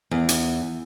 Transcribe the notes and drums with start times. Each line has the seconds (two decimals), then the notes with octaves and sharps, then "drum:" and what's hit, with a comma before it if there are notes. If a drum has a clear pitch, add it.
0.11 E2
0.29 drum: hi-hat